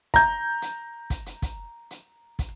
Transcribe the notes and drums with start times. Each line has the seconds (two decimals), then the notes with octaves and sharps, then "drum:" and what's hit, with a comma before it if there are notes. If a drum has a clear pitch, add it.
0.14 A#5 G6, drum: kick, hi-hat
0.62 drum: hi-hat
1.10 drum: kick, hi-hat
1.26 drum: hi-hat
1.42 drum: kick, hi-hat
1.91 drum: hi-hat
2.39 drum: kick, hi-hat